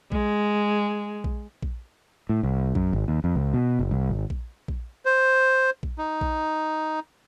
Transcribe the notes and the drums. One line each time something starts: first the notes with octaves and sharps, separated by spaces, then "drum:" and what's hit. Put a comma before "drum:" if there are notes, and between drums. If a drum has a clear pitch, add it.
G#3, drum: kick A#1
drum: kick A#1
drum: kick A#1
A2
C2
F#2, drum: kick A#1
G#1
D#2
F2
C#2
B2
F#1
C2
G#1
drum: kick A#1
drum: kick A#1
C5
drum: kick A#1
D#4
drum: kick A#1